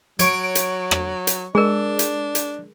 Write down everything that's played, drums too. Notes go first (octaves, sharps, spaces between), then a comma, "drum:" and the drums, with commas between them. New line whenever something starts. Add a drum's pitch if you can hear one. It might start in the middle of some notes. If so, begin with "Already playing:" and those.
F#3 C#5 D7, drum: hi-hat
drum: hi-hat
drum: rim click
drum: hi-hat
G#3 D4 G#4 A#4
drum: hi-hat
drum: hi-hat